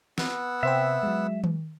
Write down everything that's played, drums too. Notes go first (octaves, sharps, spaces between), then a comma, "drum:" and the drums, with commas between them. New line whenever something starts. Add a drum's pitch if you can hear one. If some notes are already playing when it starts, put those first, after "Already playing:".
B3 F#5 E6, drum: snare
C3 C5 E5 G5
F#3 G#3
drum: tom D#3